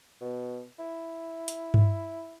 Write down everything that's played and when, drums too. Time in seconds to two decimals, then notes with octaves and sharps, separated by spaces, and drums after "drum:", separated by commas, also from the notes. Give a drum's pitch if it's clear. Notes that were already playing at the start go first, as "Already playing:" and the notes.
0.21 B2
0.79 E4
1.48 drum: hi-hat
1.74 drum: tom G2